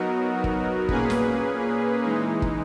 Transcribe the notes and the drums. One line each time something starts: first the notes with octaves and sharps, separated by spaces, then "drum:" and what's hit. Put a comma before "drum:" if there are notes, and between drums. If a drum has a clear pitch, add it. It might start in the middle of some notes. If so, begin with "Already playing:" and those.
Already playing: F#3 B3 D#4 F#4 A#4
drum: kick
A#2 A#3 C#4 G#4 B4, drum: kick
drum: snare
E3 G#3 D#4
drum: kick